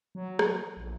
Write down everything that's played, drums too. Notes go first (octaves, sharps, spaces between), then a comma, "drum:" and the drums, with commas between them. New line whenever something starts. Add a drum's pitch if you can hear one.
F#3
drum: rim click
A#1